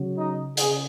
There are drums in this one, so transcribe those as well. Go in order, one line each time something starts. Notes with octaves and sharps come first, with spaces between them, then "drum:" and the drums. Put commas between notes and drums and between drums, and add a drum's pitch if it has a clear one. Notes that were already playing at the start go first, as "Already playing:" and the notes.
Already playing: C#3 F#3
D#4
C#3 G#4, drum: hi-hat